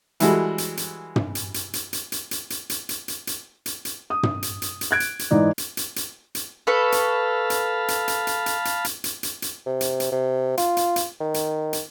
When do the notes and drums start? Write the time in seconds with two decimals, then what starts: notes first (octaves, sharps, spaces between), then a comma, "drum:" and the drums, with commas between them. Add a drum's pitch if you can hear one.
0.20 E3 G3 G#3 F#4 A4, drum: hi-hat
0.58 drum: hi-hat
0.77 drum: hi-hat
1.16 drum: tom
1.35 drum: hi-hat
1.54 drum: hi-hat
1.73 drum: hi-hat
1.93 drum: hi-hat
2.12 drum: hi-hat
2.31 drum: hi-hat
2.50 drum: hi-hat
2.70 drum: hi-hat
2.89 drum: hi-hat
3.08 drum: hi-hat
3.27 drum: hi-hat
3.66 drum: hi-hat
3.85 drum: hi-hat
4.10 D#6
4.23 drum: tom
4.42 drum: hi-hat
4.62 drum: hi-hat
4.81 drum: hi-hat
4.91 F#6 G#6 D7
5.00 drum: hi-hat
5.19 drum: hi-hat
5.31 G#2 E3 D#4 D5
5.58 drum: hi-hat
5.77 drum: hi-hat
5.96 drum: hi-hat
6.35 drum: hi-hat
6.67 A4 B4 F5 A5 B5 C#6
6.92 drum: hi-hat
7.50 drum: hi-hat
7.88 drum: hi-hat
8.08 drum: hi-hat
8.27 drum: hi-hat
8.46 drum: hi-hat
8.65 drum: hi-hat
8.84 drum: hi-hat
9.04 drum: hi-hat
9.23 drum: hi-hat
9.42 drum: hi-hat
9.66 C3
9.81 drum: hi-hat
10.00 drum: hi-hat
10.12 C3
10.57 F4, drum: hi-hat
10.77 drum: hi-hat
10.96 drum: hi-hat
11.20 D#3
11.34 drum: hi-hat
11.73 drum: hi-hat